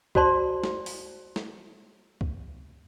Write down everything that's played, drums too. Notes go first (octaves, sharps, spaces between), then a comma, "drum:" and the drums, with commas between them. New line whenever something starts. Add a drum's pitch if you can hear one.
F#4 C5 D5 A5 C6, drum: kick C#2
drum: snare
drum: open hi-hat
drum: snare
drum: kick C#2